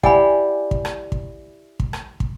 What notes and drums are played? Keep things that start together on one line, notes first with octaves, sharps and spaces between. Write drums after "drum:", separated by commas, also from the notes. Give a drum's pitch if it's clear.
E4 G4 D5 F#5 G#5 B5, drum: kick
drum: kick
drum: rim click
drum: kick
drum: kick
drum: rim click
drum: kick